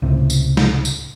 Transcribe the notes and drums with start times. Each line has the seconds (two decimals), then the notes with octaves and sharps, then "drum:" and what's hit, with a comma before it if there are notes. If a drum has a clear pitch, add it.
0.02 C#2 A2 C3
0.30 drum: tambourine
0.57 drum: snare
0.85 drum: tambourine